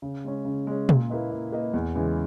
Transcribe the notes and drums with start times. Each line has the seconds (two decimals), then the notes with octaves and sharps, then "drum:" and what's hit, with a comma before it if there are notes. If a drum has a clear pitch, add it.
0.02 C#3
0.24 G#3 C#4
0.45 C#3
0.67 G#3 C#4
0.89 A#2, drum: tom
1.10 A#3 E4 B4 D#5
1.31 A#2
1.52 A#3 E4 B4 D#5
1.74 E2
1.95 C#3 E3 G#3